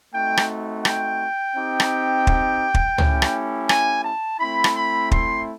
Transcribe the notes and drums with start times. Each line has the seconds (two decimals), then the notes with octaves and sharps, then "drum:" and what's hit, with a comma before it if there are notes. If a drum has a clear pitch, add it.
0.14 A3 C4 D#4 F#4 G5
0.37 drum: rim click
0.85 G5, drum: rim click
1.56 C4 D#4 G4
1.80 drum: rim click
2.27 drum: kick
2.74 drum: kick
2.98 A3 C#4 E4 G4, drum: tom
3.22 drum: rim click
3.69 G#5, drum: rim click
4.05 A5
4.40 A3 C4 E4 B5
4.64 drum: rim click
4.76 B5
5.11 C6, drum: kick